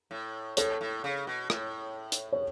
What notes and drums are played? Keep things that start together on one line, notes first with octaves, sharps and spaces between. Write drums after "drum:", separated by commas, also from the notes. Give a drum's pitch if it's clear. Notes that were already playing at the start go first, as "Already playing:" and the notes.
A2
A2 A4 C#5, drum: hi-hat
A2
C#3
B2
A2, drum: rim click
drum: hi-hat
C#5